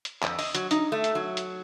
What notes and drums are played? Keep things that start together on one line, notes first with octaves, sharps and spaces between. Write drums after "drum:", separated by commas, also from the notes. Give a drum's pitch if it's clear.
drum: hi-hat
F2, drum: clap
D#5, drum: open hi-hat
F#3, drum: hi-hat
D#4, drum: hi-hat
A3
drum: hi-hat
F#3
drum: hi-hat